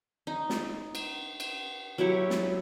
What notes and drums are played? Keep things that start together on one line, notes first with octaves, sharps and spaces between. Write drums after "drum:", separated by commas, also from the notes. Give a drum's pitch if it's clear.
D#4
drum: snare
drum: cymbal
drum: cymbal
F#3 E4 G4 C#5
drum: snare